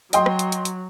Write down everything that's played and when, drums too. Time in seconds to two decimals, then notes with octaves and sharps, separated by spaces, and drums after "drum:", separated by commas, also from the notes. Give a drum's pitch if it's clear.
0.13 F#3 D#5 G5 C6, drum: hi-hat
0.26 drum: rim click
0.39 drum: hi-hat
0.52 drum: hi-hat
0.65 drum: hi-hat